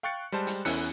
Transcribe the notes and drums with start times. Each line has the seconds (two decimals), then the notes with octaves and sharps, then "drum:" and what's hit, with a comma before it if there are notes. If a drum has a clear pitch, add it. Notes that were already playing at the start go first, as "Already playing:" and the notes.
0.03 F5 G5 C#6 F#6 A6 C#7
0.32 G3 G#3 C5 A5
0.47 drum: hi-hat
0.65 E2 C#4 E4 E6 F#6 C#7, drum: open hi-hat